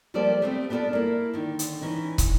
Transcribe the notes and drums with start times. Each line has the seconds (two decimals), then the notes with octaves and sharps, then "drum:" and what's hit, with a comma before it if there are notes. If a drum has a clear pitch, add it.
0.14 F3 G3 A#3 A4 C5 D5
0.41 G3 A3 B3 C4 F#4 G4
0.70 B3 D4 E4 F4 A4 D5
0.93 A#3 E4
1.33 D3 D#3
1.59 drum: hi-hat
1.81 E3 C#4 D#4
2.18 drum: kick, hi-hat